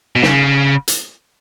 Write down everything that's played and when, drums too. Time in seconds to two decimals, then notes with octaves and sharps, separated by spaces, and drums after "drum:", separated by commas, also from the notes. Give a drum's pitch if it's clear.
0.16 B2
0.23 C#3, drum: snare
0.88 drum: hi-hat